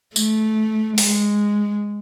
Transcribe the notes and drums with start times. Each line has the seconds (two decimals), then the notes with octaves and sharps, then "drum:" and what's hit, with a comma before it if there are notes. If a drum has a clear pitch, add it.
0.16 A3, drum: tambourine
0.98 G#3, drum: open hi-hat